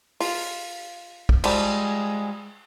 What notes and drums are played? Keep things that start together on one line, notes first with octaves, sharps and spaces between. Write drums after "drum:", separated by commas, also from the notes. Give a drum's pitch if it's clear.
F4, drum: open hi-hat
drum: kick
F3 G3 G#3, drum: cymbal